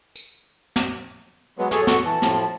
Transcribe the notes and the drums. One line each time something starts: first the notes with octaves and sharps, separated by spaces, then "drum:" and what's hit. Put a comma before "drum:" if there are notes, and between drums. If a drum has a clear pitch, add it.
drum: tambourine
drum: snare
F#3 G#3 B3 B4
G#4 A4 C#5, drum: snare
F#4 C#6, drum: snare
E3 A5
A2 F3, drum: snare